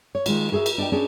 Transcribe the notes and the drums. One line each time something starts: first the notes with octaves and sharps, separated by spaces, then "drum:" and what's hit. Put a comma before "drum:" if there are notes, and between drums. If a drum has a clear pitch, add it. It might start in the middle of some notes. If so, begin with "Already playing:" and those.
C#5
D#3 G#3 F4, drum: cymbal
F#4 G#4 A#4 E5
drum: cymbal
D4 D#5 G5
C#4 D4 G#4